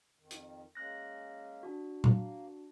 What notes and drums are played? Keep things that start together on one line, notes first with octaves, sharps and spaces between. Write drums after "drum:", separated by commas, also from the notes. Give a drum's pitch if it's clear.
F2 D#3
drum: hi-hat
G#3 A#3 C#4 F#6 A#6
D4 F#4
A#3, drum: tom